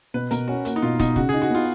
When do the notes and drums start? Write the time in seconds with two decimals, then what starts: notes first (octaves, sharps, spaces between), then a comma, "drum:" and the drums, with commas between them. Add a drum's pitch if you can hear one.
0.14 B2 B4
0.31 B2 A#4, drum: hi-hat
0.48 C#4 F#4
0.65 A#3 F#4, drum: hi-hat
0.76 D#4
0.82 B2 F4
1.00 B2 D#4, drum: kick, hi-hat
1.16 C#3 F#4, drum: kick
1.29 D#4 G#4
1.42 F#4
1.50 B3 F4